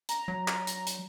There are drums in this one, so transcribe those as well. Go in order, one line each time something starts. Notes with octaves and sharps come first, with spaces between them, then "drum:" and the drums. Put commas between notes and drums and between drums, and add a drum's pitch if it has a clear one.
A#5, drum: hi-hat
F#3
drum: clap
drum: hi-hat
drum: hi-hat